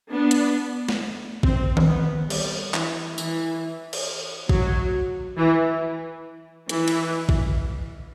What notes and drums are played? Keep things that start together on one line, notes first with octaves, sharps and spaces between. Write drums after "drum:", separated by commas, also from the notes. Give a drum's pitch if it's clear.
B3 D4
drum: hi-hat
drum: snare
C4, drum: kick
drum: tom D#3
B3
G3, drum: cymbal
E3, drum: clap
E3, drum: tambourine
drum: cymbal
F#3, drum: kick
E3
E3, drum: hi-hat
drum: cymbal
drum: kick